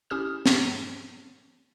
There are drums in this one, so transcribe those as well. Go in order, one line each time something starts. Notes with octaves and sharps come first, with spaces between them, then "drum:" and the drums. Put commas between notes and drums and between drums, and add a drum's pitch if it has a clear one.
C#4 E4 G4 D#6 F6 E7
drum: snare